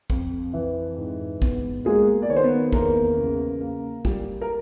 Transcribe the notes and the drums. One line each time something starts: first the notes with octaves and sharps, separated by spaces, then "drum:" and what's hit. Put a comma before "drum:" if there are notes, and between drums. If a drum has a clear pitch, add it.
F2, drum: kick
E3
G#2
B3, drum: kick
G#3 A#3 G#4
D5
D#3 C#5
C5
B3 B4
E2 A#3 A#4, drum: kick
C#3
A#3
G3, drum: kick
A#4